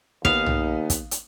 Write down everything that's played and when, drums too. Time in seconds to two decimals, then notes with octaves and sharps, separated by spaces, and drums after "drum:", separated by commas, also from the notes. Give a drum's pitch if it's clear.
0.25 D#2 B3 D#4 F5, drum: kick
0.46 drum: tom
0.90 drum: kick, hi-hat
1.11 drum: hi-hat